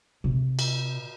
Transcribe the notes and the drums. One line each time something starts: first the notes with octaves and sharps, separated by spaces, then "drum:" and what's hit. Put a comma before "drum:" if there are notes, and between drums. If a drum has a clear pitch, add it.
C3
drum: cymbal